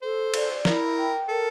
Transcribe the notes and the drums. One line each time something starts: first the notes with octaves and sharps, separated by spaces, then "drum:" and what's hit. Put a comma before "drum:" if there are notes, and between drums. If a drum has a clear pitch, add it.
A4 C5
D5, drum: cymbal
E4 A#4, drum: snare
G5
A4 A#4